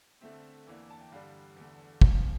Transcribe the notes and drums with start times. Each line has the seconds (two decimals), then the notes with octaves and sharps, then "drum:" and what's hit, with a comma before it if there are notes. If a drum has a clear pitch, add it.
0.21 D3 A3 C4 E5
0.67 E2 E3 A#3 D4
0.90 A5
1.01 G5
1.12 G2 D3 G3 D4 F5
1.56 E2 D3 A3
2.02 A#2 F3 C4 F5, drum: kick